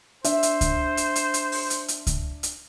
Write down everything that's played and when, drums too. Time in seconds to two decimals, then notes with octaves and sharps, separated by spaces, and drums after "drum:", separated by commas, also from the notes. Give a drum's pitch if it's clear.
0.24 D4 C5 E5, drum: hi-hat
0.43 drum: hi-hat
0.61 drum: kick C#2, hi-hat
0.97 drum: hi-hat
1.16 drum: hi-hat
1.34 drum: hi-hat
1.52 drum: open hi-hat
1.70 drum: hi-hat
1.88 drum: hi-hat
2.07 drum: kick C#2, hi-hat
2.43 drum: hi-hat